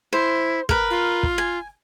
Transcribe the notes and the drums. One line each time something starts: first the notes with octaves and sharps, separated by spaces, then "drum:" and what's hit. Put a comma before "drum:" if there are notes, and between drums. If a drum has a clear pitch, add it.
E4 C5
A#4 B4, drum: kick
F4
drum: kick
G#5